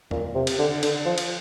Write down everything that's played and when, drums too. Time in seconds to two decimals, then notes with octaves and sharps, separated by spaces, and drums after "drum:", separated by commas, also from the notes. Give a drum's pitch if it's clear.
0.11 A#2, drum: tom E2
0.35 C3
0.47 drum: cymbal
0.59 D3
0.83 D3, drum: cymbal
1.06 F3
1.18 drum: cymbal